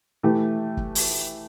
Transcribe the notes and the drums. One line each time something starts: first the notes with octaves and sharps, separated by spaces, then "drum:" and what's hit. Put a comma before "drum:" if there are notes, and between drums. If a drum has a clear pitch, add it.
E3 A3 G4
drum: kick
drum: open hi-hat